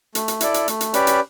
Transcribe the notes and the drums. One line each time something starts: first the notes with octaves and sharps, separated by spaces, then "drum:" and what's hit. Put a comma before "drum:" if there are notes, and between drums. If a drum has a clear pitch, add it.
A3, drum: hi-hat
drum: hi-hat
E4 A4 D5, drum: hi-hat
drum: hi-hat
A3, drum: hi-hat
drum: hi-hat
C#4 G4 B4 D5, drum: hi-hat
drum: hi-hat